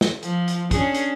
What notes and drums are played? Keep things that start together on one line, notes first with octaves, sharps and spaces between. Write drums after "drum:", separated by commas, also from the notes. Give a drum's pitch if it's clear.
drum: snare
F3, drum: hi-hat
drum: hi-hat
C#4 D4 G#4, drum: kick, hi-hat
drum: hi-hat